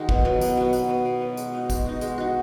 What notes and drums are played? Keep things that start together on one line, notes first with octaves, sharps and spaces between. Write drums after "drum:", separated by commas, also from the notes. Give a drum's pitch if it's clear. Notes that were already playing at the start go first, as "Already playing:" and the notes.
Already playing: D#3 G#3 D#4 F#4
B2, drum: kick
F#3 B3
B2, drum: tambourine
F#3 B3
B2, drum: tambourine
F#3 B3
B2
F#3 B3
G#3, drum: tambourine
D#4 F#4
G#3, drum: kick, tambourine
D#4 F#4
G#3, drum: tambourine
D#4 F#4